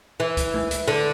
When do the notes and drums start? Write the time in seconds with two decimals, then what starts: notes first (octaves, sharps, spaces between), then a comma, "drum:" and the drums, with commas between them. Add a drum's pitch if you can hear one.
0.20 E3
0.37 drum: kick, hi-hat
0.54 drum: tom G#3
0.71 drum: hi-hat
0.88 D3